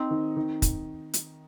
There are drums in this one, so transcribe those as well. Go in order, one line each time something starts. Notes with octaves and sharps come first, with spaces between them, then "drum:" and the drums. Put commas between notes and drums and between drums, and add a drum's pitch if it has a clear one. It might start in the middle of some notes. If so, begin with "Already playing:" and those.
Already playing: C4 D#4
D#3
D#3
drum: kick, hi-hat
drum: hi-hat